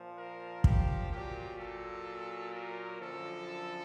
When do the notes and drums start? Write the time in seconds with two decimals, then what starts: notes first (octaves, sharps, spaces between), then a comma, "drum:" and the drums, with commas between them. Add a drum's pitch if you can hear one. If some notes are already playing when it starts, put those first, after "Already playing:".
Already playing: A#2 F3
0.17 A#4
0.64 G4, drum: kick
1.11 A#2 F#3 G4
1.58 A4
2.53 A#4
2.99 F#2 D3 F3 A4